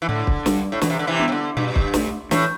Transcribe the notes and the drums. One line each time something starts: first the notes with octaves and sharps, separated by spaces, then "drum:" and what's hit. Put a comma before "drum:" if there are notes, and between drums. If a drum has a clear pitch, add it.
E3
A2 D3
drum: kick
G3 D4, drum: snare
A2
B2 E3, drum: snare
C3
D3
C3 E3
B3 D4
C3
D3
G2 B2
drum: kick
A3 D4, drum: snare
A2 E3, drum: snare